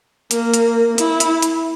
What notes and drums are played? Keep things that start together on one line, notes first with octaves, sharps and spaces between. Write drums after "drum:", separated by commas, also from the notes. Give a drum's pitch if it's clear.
A#3, drum: hi-hat
drum: hi-hat
E4, drum: hi-hat
drum: hi-hat
drum: hi-hat